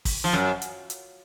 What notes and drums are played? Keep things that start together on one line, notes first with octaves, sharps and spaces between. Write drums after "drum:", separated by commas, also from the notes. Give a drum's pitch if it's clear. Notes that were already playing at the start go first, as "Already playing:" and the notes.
drum: kick, open hi-hat
F3
F#2
drum: hi-hat
drum: hi-hat